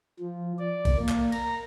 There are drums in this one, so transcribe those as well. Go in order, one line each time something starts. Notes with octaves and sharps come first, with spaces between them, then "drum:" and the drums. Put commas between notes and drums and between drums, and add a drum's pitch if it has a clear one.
F3
D5
drum: kick B1, cymbal
A#3
drum: clap
A#5, drum: cymbal